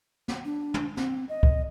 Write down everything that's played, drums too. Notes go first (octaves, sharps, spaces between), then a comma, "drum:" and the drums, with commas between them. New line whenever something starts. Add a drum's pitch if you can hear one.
drum: snare
D4
drum: tom
C4, drum: snare
D#5
drum: kick